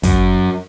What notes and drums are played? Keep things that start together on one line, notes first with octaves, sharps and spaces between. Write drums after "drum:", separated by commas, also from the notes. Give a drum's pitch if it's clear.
F#2, drum: kick, hi-hat